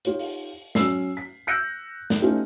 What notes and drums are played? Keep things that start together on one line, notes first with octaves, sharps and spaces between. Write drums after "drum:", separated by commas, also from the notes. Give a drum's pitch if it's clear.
D#4 F4 G4 C#5, drum: hi-hat
drum: open hi-hat
F#3 C#4 E6 C7, drum: snare
B6
E6 F#6 G6 A#6 C#7
drum: snare
A3 B3 C#4 D#4 F4 G4